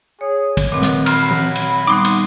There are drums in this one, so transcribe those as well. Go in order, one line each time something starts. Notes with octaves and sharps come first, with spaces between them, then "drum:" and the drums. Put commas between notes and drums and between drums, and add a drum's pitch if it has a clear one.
G#4 C#5
drum: kick, cymbal
A#2 D#3 B3 C4
drum: snare
F#3 B5 C6 F6, drum: cymbal
drum: tom E3
drum: cymbal
G3 B3 D#4 F#5 C6 D6
drum: cymbal